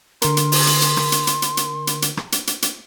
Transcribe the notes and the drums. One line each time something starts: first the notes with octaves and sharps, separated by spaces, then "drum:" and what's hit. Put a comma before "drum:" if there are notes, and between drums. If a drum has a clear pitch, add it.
D3 A#4 C6, drum: hi-hat
drum: hi-hat
drum: open hi-hat
drum: hi-hat
drum: hi-hat
drum: rim click
drum: hi-hat
drum: hi-hat
drum: hi-hat
drum: hi-hat
drum: hi-hat
drum: hi-hat
drum: rim click
drum: hi-hat
drum: hi-hat
drum: hi-hat